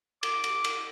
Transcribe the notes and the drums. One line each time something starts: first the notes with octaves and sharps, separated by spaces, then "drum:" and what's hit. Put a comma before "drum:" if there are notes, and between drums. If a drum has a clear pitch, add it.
D6, drum: cymbal
drum: cymbal
drum: cymbal